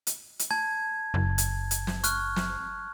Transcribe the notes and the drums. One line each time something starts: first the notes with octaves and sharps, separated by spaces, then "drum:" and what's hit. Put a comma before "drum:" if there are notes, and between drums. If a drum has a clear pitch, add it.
drum: hi-hat
drum: hi-hat
A5 G#6
F#1
drum: hi-hat
drum: hi-hat
drum: snare
C#6 F6 F#6, drum: hi-hat
drum: snare